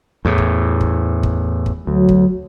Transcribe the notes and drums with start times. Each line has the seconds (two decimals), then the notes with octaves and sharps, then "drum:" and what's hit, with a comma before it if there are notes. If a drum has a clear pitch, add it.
0.25 E2 A2
0.38 drum: kick
0.81 drum: kick
1.23 drum: kick
1.66 drum: kick
1.87 D2 F#3
2.09 drum: kick